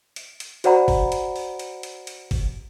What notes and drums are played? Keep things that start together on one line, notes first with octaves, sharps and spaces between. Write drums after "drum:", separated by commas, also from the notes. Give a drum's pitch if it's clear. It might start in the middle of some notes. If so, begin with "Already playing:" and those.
drum: hi-hat
drum: hi-hat
F#4 C5 D5 F#5 A#5 B5, drum: hi-hat
drum: kick, open hi-hat
drum: hi-hat
drum: open hi-hat
drum: hi-hat
drum: hi-hat
drum: hi-hat
drum: kick, open hi-hat